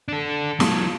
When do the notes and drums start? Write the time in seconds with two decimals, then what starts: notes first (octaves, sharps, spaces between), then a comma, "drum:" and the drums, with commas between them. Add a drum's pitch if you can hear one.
0.08 D4 A4
0.60 F#3 F4, drum: snare